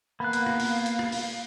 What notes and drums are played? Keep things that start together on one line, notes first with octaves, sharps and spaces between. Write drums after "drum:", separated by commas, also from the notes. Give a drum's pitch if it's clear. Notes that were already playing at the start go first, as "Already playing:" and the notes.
A#3 B3 F5 B5 F#6
drum: hi-hat
drum: rim click
drum: open hi-hat
drum: hi-hat
drum: rim click
drum: open hi-hat